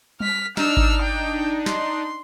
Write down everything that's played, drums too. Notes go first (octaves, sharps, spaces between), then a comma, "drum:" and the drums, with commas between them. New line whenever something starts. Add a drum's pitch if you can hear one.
F6 B6, drum: tom G3
D4 D#4 E6 F6, drum: snare
drum: kick G#1
G5
C6, drum: snare